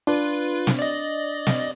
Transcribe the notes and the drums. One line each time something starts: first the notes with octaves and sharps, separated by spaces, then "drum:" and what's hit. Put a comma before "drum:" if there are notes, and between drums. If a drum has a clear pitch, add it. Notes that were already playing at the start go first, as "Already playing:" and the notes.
D4 F4 B4
drum: snare
D5 D#5
drum: snare